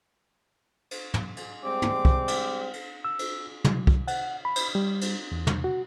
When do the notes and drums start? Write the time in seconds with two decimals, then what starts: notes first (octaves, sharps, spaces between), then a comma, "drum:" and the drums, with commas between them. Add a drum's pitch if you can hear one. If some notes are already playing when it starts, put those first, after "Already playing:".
0.91 drum: cymbal
1.14 drum: tom
1.37 drum: cymbal
1.63 G3 G#3 C4 D6
1.82 drum: tom
2.05 drum: kick
2.28 drum: cymbal
2.73 drum: cymbal
3.05 E6
3.19 drum: cymbal
3.64 F#3, drum: tom
3.87 drum: kick
4.08 F#5, drum: cymbal
4.45 B5
4.56 drum: cymbal
4.75 G3
5.01 drum: cymbal
5.32 E2
5.47 drum: tom
5.64 F#4